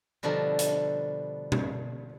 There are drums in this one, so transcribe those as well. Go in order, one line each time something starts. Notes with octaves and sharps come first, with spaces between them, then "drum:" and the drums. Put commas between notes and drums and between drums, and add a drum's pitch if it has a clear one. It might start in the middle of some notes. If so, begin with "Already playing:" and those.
B2 D3 F3 G3 A4 A#4
drum: hi-hat
drum: tom B2